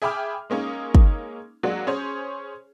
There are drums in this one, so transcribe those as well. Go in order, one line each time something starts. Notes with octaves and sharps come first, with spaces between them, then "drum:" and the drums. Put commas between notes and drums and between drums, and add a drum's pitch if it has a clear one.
G#4 E5 G5 B5 D6 F6
G#3 A#3 C#4 D#4
drum: kick
F#3 G#3 A#3 D4 F#4
C#4 G#4 C5 C#5